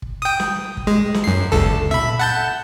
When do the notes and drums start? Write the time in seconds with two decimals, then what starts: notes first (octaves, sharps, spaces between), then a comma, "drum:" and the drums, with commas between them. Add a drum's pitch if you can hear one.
0.02 drum: kick
0.22 G5 D#6
0.40 drum: snare
0.77 drum: kick
0.87 G#3
1.14 drum: snare
1.24 F#2 C7
1.52 G1 C#2 A4
1.91 E5 B5, drum: tom A#2
2.19 F#5 A5 G6